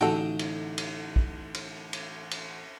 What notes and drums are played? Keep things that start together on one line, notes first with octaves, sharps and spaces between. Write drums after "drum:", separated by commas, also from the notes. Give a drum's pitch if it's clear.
A1 D3 D#4 F#4 A4 G5
drum: cymbal
drum: cymbal
drum: kick
drum: cymbal
drum: cymbal
drum: cymbal